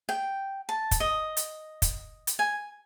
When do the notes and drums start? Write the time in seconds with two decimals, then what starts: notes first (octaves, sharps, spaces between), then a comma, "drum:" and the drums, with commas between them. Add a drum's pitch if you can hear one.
0.09 G5
0.69 A5
0.91 drum: kick, hi-hat
1.00 D#5
1.37 drum: hi-hat
1.82 drum: kick, hi-hat
2.27 drum: hi-hat
2.39 G#5